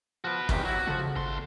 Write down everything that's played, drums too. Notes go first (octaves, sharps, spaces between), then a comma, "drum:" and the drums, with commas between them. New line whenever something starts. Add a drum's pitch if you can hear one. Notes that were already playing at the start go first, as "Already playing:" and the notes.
F3 F#4 B4
E2 C3 D#3 E3 G4, drum: kick
F#3 E4 F#4
C#3 F3 A3
G#1 E2 A3 C6